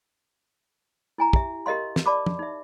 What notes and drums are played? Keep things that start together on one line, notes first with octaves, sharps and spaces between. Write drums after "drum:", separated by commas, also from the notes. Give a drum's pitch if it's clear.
E4 G#5 A#5
G4 E5, drum: kick
G4 A#4 D#5 F5 C6
drum: snare
D5 A5 B5 D6
drum: tom
D#4 E5